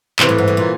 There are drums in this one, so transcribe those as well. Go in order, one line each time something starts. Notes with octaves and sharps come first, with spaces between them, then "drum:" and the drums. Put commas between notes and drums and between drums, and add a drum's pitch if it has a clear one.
C3 E3, drum: clap
A2
G#2
A2
A#2